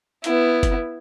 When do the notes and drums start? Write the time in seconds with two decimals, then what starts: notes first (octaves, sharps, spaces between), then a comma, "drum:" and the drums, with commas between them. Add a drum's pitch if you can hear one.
0.24 B3 E4, drum: hi-hat
0.63 drum: kick F#1, hi-hat